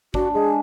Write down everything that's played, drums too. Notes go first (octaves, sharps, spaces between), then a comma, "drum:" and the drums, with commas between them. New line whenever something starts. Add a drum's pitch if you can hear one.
D4 F#4, drum: kick
G#3 G#4